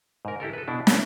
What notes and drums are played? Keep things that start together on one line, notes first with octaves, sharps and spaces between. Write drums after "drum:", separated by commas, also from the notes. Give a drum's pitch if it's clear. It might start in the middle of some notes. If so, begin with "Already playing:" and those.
G#2 A#4
E4 G4 A4 A#4
A4 B4
B2 D4 E4
C4 C#4 D#4 E4 A#4 E5, drum: snare